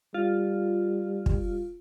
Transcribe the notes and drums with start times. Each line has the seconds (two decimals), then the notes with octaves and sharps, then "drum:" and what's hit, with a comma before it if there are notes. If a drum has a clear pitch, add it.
0.14 G3 F4
1.26 drum: kick